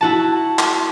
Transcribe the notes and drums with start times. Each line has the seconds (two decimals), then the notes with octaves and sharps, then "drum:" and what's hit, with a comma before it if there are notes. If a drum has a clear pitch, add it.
0.01 E4 F#4 A5
0.59 drum: clap